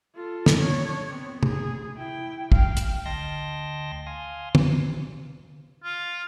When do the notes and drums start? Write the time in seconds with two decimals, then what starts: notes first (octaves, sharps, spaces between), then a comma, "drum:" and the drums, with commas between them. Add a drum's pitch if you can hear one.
0.15 F4 A4
0.46 drum: snare
0.59 D4 C#5
1.10 B3 C4
1.43 G#4, drum: tom
1.96 E4 G5
2.52 F5 G5, drum: kick
2.77 drum: hi-hat
3.06 D2 D#5 G5 A5 C6 A#6
4.07 F5 G#5 C6 D#6
4.55 drum: tom
5.84 F4